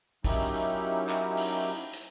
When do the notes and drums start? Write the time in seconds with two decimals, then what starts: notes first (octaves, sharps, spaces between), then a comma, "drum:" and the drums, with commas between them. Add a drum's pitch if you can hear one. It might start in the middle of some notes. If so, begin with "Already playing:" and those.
0.24 F#3 A#3 C#4 D#4 E4 G4, drum: kick, open hi-hat
1.09 drum: clap
1.37 drum: open hi-hat
1.93 drum: hi-hat